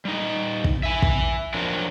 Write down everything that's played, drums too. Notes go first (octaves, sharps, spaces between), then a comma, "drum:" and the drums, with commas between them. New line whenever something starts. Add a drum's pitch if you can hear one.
G3 D#4
drum: kick
E5 G#5
drum: kick
F2 F3 F#3 D4 A#4